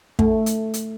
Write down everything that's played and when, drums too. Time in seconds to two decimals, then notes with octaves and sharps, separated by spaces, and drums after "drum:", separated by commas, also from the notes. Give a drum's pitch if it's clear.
0.19 A3, drum: kick
0.46 drum: hi-hat
0.74 drum: hi-hat